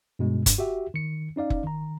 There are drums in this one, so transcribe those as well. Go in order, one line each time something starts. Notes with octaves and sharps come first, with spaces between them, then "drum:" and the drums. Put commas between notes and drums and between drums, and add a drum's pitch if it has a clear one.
G2 B2 G#3
G2, drum: kick, hi-hat
F#4 G4 E5 G5
D#3 C#7
C#4 D#4 D5 F5
drum: kick
D#3 A#5